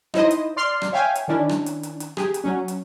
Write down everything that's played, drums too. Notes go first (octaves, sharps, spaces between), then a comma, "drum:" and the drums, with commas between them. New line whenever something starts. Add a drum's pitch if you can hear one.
D#4 E4 C5 D#5, drum: rim click
drum: hi-hat
D5 C6 F6 C7
drum: rim click
C#5 E5 F5 G5 G#5
drum: hi-hat
D#3 C#4 D4 E4
drum: rim click
drum: hi-hat
drum: hi-hat
drum: hi-hat
G4 G#4, drum: rim click
drum: hi-hat
F#3 C#4
drum: hi-hat